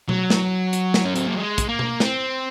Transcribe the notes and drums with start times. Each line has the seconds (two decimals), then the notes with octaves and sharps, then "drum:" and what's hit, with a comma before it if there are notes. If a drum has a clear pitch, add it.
0.09 F#3, drum: tom B2
0.30 drum: snare
0.73 drum: hi-hat
0.94 drum: snare
1.05 C#4
1.16 C4, drum: hi-hat
1.27 A#3
1.36 G#3
1.58 drum: kick, hi-hat
1.69 A#3
1.79 drum: tom B2
2.00 C4, drum: snare